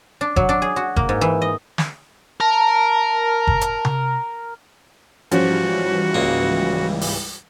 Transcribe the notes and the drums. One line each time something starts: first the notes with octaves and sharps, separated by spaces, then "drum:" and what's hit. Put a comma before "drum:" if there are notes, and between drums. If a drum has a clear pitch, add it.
D4
F#3, drum: kick F#1
D4
G#4
F#4
A#3, drum: kick F#1
G#2
E3
D#5
drum: snare
A#4 A5
drum: kick F#1
drum: hi-hat
drum: tom C3
G#2 E3 F3 G3 C#4 F#4, drum: hi-hat
C#2 A#3
drum: open hi-hat